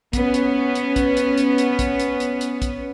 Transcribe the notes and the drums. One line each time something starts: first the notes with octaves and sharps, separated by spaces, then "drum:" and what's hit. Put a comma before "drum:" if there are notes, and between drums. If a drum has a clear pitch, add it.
B3 C#4, drum: kick, hi-hat
drum: hi-hat
drum: hi-hat
drum: kick, hi-hat
drum: hi-hat
drum: hi-hat
drum: hi-hat
drum: kick, hi-hat
drum: hi-hat
drum: hi-hat
drum: hi-hat
drum: kick, hi-hat